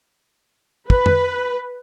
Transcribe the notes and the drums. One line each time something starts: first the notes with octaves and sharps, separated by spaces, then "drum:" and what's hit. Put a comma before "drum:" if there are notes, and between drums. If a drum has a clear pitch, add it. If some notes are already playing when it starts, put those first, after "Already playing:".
B4, drum: kick
drum: tom F2